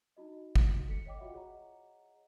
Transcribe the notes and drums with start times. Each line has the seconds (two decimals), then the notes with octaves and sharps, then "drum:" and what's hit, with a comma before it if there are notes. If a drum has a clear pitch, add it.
0.17 D#4 E4 F#4 D#5
0.56 drum: kick
0.88 A4 B6 C#7
1.06 C#5 D#5 G5 D6
1.18 F4 F#4 C#5 E5 F#5
1.33 G#4 C#5 D#5 F#5 A#5